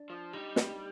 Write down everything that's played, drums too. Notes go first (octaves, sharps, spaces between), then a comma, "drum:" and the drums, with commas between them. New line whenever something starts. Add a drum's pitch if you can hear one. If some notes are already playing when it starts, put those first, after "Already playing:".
Already playing: D4
F3
G3 D#4
drum: snare